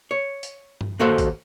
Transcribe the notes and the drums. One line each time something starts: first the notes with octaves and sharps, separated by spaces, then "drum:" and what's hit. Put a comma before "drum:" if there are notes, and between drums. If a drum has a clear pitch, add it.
C#5
drum: hi-hat
drum: tom G2
D#2 A#3 F#4 A4 C5 F5
drum: kick, hi-hat